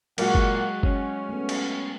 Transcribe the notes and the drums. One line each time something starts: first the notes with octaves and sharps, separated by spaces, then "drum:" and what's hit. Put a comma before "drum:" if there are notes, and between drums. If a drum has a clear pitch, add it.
A#2 F#3 G#3 A#3 F#4 F#5, drum: cymbal
drum: kick
C#4, drum: kick
A3 B3
drum: cymbal